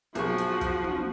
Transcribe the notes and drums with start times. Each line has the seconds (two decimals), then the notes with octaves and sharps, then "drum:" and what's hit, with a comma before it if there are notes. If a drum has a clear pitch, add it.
0.15 B1 F3 F#4 G#4 C#6, drum: hi-hat
0.38 drum: hi-hat
0.61 drum: kick, hi-hat
0.84 drum: tom